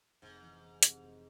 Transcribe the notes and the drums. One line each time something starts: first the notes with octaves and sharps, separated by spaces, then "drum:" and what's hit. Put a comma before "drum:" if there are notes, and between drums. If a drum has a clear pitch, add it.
F1 G#2
E3
E3
C3, drum: hi-hat
F1